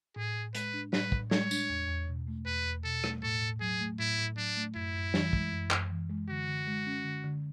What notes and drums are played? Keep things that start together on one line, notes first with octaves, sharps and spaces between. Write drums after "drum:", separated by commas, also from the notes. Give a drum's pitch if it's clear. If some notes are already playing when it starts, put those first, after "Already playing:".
A2 G#4
A2
G#3 B4, drum: hi-hat
D4
A2 B4, drum: snare
A2, drum: kick
G#3 C#5, drum: snare
D4, drum: tambourine
E2
E2
B2
A3
E2 B4
E2
B2 A4
A3, drum: rim click
A2 A4
A2
F#3 G#4
A3
A2 E4
A2
F#3 D4
A3
F#2 E4
F#2
E3, drum: snare
G#3, drum: kick
F#2
F#2, drum: clap
E3
G#3
D3 F#4
D3
G#3
C#4
D3
D3